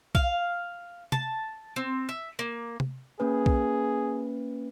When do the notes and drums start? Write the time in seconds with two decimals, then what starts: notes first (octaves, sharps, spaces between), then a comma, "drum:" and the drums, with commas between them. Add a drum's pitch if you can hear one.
0.15 F5, drum: kick
1.12 A5, drum: tom C3
1.76 C4
2.09 E5
2.39 A#3
2.80 drum: tom C3
3.20 A#3 C#4 G#4 B4
3.46 drum: kick